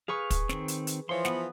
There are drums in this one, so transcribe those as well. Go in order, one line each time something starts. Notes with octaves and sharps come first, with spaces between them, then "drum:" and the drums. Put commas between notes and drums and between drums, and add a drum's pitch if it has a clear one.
G#4 B4 F5 C#6
drum: kick, hi-hat
D#3 C4, drum: snare
drum: hi-hat
drum: hi-hat
E3 F3 C#5 C6
B3 F#5 B5, drum: snare